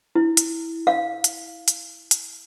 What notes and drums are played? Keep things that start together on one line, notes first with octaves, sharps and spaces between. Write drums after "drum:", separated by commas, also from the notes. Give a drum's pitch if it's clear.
E4
drum: hi-hat
F5
drum: hi-hat
drum: hi-hat
drum: hi-hat